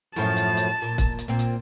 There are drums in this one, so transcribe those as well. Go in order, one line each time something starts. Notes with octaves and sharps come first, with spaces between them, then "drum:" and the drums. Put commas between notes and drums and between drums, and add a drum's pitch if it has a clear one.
F#2 A2 F3 A5
drum: hi-hat
drum: hi-hat
A#2
drum: kick, hi-hat
drum: hi-hat
A#2 C4
drum: hi-hat